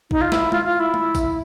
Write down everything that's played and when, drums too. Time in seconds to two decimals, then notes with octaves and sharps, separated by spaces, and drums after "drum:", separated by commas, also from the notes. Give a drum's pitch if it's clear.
0.11 D#4, drum: kick
0.21 F4
0.32 E4, drum: snare
0.52 F4, drum: tom G#3
0.66 F4
0.80 E4
0.94 drum: tom G#3
1.15 drum: kick, tambourine